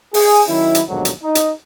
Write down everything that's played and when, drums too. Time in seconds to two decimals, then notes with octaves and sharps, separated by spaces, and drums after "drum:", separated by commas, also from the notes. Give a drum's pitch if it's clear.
0.14 G#4, drum: open hi-hat
0.48 D#3 F#3 C#4 E4
0.75 drum: hi-hat
0.88 A#1 D#2 G#2 B2 D3 F#3
1.05 drum: hi-hat
1.22 D#4
1.35 drum: hi-hat